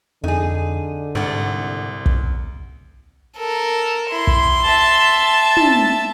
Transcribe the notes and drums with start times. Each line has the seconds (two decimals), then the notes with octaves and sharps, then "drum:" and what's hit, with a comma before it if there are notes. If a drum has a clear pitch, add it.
0.24 F2 D3 D#4 G#4
1.15 C2 G#2 D5 F#5
2.06 drum: kick
3.38 A4 A#4
4.11 E4 C6
4.27 drum: kick
4.64 E5 A5
5.57 drum: tom